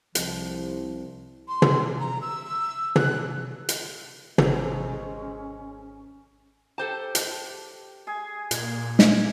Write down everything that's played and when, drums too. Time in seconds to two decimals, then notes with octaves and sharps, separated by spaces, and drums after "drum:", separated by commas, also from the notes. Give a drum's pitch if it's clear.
0.15 C2 F3, drum: hi-hat
1.48 C6
1.62 drum: tom
2.00 A#5
2.22 E6
2.96 F#6, drum: tom
3.69 drum: hi-hat
4.38 G#1 G#3 C#4 A4 C5 A#5, drum: tom
6.78 G4 A4 C5 A5
7.15 drum: hi-hat
8.07 G#4 G#5
8.51 A#2, drum: hi-hat
8.99 drum: snare